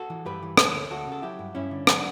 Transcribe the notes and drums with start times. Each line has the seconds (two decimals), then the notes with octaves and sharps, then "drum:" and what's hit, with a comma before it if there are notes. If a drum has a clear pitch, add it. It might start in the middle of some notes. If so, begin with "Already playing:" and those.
Already playing: F#4 A4
0.10 E3
0.26 G2 G4 B4
0.43 E3
0.57 E3 A4 C#5, drum: rim click
0.74 D2
0.91 D2 F#4 A4
1.07 C#3
1.12 A4
1.22 F#3 E4 G4
1.39 G2
1.55 G2 C#4 E4
1.71 D3
1.87 F#3 D4 F#4, drum: rim click